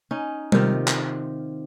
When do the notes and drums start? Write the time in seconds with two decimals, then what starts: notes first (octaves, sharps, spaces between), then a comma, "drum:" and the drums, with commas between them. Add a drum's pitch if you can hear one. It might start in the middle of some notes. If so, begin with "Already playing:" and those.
0.11 C#4 D#4
0.52 C3 D#3 F4, drum: tom G3
0.88 drum: clap